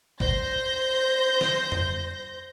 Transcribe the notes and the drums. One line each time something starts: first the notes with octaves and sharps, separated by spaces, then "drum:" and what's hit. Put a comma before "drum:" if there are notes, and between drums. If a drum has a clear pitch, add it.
C5 G6 A#6, drum: kick
drum: snare
drum: tom F2